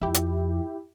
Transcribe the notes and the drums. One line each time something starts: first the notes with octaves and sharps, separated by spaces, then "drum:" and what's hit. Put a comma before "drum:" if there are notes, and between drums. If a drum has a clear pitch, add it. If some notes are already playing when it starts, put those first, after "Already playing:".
F2 E4 G4
drum: hi-hat